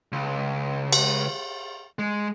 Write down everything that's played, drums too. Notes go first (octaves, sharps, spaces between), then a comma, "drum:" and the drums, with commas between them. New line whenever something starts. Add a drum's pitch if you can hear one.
C#2
drum: cymbal
G#3